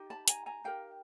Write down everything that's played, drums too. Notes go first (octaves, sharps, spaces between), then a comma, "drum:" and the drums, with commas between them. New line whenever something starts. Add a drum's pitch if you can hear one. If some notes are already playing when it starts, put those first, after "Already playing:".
Already playing: D#4 G4
A5 B5
G#5 A#5, drum: hi-hat
G#5 A#5
D#4 G4 A#4 F5 G5